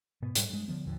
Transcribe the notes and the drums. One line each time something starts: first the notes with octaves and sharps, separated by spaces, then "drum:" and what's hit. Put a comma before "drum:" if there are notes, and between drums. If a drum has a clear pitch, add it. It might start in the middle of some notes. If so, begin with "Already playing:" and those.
G#2 B2 B3
G#2 G3, drum: hi-hat
G2 G#3
D3 F3 B3
G#1 D#2 D3 F3